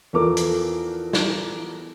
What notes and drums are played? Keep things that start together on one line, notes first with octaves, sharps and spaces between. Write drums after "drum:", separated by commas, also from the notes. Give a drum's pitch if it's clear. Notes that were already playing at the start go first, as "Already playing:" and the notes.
E2 F3 A4 A#4 D6
drum: hi-hat
drum: snare